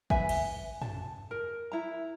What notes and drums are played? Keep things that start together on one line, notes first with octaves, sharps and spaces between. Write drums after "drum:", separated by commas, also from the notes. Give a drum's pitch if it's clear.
B4 E5 G#5, drum: kick A1
drum: cymbal
A5, drum: tom
A#4
E4 A#5